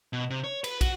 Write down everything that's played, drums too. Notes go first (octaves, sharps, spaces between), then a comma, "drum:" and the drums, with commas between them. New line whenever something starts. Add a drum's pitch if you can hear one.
B2
C3
C#5
B4, drum: cymbal
F#4, drum: kick, cymbal